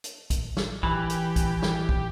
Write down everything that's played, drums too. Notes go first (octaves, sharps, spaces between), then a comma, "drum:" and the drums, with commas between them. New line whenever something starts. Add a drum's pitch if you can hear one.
drum: hi-hat
drum: kick, hi-hat
drum: snare
E3 G4, drum: kick
drum: hi-hat
drum: kick, hi-hat
drum: snare
drum: kick